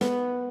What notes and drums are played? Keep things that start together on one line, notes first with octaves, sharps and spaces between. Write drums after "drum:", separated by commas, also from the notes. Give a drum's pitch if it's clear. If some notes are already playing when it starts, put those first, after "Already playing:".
B3, drum: snare